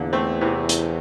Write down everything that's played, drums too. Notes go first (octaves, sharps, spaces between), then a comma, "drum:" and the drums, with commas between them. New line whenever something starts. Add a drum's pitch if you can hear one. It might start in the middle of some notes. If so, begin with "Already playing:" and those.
Already playing: E2 A#2 D3
A3 C4
C3 E3
drum: hi-hat